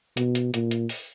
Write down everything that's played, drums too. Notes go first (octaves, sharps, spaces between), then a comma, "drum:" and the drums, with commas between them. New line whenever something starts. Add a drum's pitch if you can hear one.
B2, drum: hi-hat
drum: hi-hat
A#2, drum: hi-hat
drum: hi-hat
drum: open hi-hat